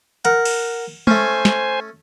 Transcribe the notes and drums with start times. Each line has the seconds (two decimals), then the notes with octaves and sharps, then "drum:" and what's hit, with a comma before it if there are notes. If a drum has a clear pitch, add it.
0.25 A#4 F#5, drum: hi-hat
0.45 drum: cymbal
1.07 A3 C#4 C5 G#5, drum: tom G#3
1.45 drum: snare